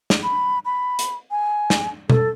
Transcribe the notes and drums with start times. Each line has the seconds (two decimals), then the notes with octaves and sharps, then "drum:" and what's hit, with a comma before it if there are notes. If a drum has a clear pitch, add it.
0.10 drum: snare
0.23 B5
0.65 B5
0.99 drum: hi-hat
1.31 G#5
1.70 drum: snare
2.10 A4, drum: tom B2